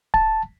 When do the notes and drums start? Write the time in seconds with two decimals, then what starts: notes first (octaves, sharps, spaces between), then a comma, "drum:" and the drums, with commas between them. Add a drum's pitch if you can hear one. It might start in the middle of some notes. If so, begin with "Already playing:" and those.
0.14 A5, drum: kick D1